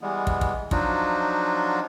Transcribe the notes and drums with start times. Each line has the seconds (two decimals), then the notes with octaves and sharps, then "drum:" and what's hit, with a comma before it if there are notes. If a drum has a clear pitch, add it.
0.01 E3 G3 G#3 B3
0.27 drum: kick
0.41 drum: kick
0.71 F3 F#3 D4 D#4 F4 F#4, drum: kick